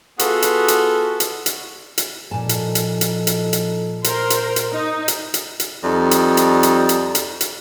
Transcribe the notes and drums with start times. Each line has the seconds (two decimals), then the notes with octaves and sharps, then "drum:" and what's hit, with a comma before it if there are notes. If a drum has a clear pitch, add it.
0.19 B3 F4 F#4 G#4 A4 B4, drum: hi-hat
0.42 drum: hi-hat
0.68 drum: hi-hat
1.20 drum: hi-hat
1.46 drum: hi-hat
1.98 drum: hi-hat
2.31 A#2 F3 D#4 A4 G#5 A5
2.49 drum: hi-hat
2.75 drum: hi-hat
3.01 drum: hi-hat
3.27 drum: hi-hat
3.53 drum: hi-hat
4.04 A#4 C5, drum: hi-hat
4.30 drum: hi-hat
4.56 drum: hi-hat
4.72 D#4
5.08 drum: hi-hat
5.34 drum: hi-hat
5.60 drum: hi-hat
5.83 F2 G3 D#4
6.11 drum: hi-hat
6.37 drum: hi-hat
6.63 drum: hi-hat
6.89 drum: hi-hat
7.15 drum: hi-hat
7.41 drum: hi-hat